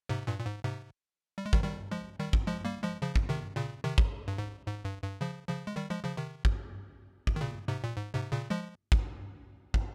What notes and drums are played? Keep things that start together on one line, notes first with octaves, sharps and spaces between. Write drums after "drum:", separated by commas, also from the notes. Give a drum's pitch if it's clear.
G#2 C3
G2 A#2
A#2
G#2
G#2 C3
G3
G#3
D#3 G3, drum: kick
D#3 G3
F3 G#3
D#3 G3
drum: kick
F3 G#3
G3 A#3
F3 G#3
C#3 F3
drum: kick
C3 D#3
A#2 C#3
C3 D#3
drum: kick
G2
G#2
G#2
G2
G2
C#3 F3
C#3 F3
G#3
D#3 G3
F3 G#3
C#3 F3
C3 D#3
drum: kick
drum: kick
D#3
A#2 C#3
G#2 C3
A#2
G#2
G#2 C3
A#2 C#3
F3 G#3
drum: kick
drum: kick